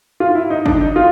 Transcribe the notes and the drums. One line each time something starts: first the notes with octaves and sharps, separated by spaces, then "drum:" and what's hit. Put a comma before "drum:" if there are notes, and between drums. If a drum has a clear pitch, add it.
F4
E4
D#4
D4, drum: kick
D#4
F4